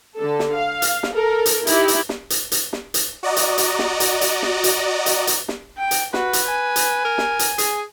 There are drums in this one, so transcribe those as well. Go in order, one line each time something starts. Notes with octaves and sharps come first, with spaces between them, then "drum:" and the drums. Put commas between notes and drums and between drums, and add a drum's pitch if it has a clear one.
D3 A4
drum: snare
F5
drum: hi-hat
drum: snare
A4 A#4
drum: hi-hat
D#4 E4 G4, drum: hi-hat
drum: hi-hat
drum: snare
drum: hi-hat
drum: hi-hat
drum: snare
drum: hi-hat
F#4 D5 D#5 A#5
drum: hi-hat
drum: hi-hat
drum: snare
drum: hi-hat
drum: hi-hat
drum: snare
drum: hi-hat
drum: hi-hat
drum: hi-hat
drum: snare
G5
drum: hi-hat
F#4 B4, drum: snare
drum: hi-hat
G#5
drum: hi-hat
A#4
drum: snare
drum: hi-hat
G#4, drum: hi-hat